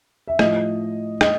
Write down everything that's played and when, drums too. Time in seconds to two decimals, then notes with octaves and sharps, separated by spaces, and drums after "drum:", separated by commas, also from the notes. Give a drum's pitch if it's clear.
0.28 E5
0.39 A2 F3 D#5, drum: rim click
1.21 D#5, drum: rim click